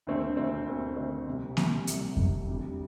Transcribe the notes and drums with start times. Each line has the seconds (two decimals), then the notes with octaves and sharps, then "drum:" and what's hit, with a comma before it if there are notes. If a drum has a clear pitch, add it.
0.07 D2 D3 A3 C4
0.37 D2 D3 A3 C4
0.66 D2 D3 A3 C4
0.97 D2 D3 A3 C4
1.27 C2 C3 G3
1.57 C2 C3 G3, drum: snare A#3
1.87 C2 C3 G3, drum: hi-hat
2.17 C2 C3 G3, drum: kick F2
2.47 D2 D3 G3